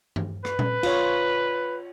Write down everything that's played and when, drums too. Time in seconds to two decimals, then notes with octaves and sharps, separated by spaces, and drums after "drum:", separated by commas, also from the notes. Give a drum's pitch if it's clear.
0.16 drum: tom G2
0.45 B4, drum: rim click
0.59 drum: tom A#2
0.83 F4 C#5, drum: cymbal